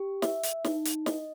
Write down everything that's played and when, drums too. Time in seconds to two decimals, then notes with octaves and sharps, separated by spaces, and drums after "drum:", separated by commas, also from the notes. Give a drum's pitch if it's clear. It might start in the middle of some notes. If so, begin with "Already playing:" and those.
Already playing: G4
0.22 E5, drum: snare
0.43 drum: hi-hat
0.64 D#4, drum: snare
0.85 drum: hi-hat
1.06 D#5, drum: snare